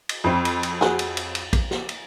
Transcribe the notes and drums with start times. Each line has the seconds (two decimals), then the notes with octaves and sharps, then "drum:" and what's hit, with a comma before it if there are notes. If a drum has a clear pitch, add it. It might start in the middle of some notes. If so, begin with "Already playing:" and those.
0.09 drum: cymbal
0.24 F2 C4
0.45 drum: cymbal
0.63 drum: cymbal
0.81 F#4 G#4, drum: snare
0.99 drum: cymbal
1.17 drum: cymbal
1.35 drum: cymbal
1.53 drum: kick, cymbal
1.71 drum: snare
1.89 drum: cymbal